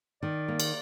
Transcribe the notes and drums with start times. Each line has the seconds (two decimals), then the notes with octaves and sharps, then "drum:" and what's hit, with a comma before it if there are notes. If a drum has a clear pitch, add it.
0.23 D#3 D5
0.48 A#3
0.60 drum: cymbal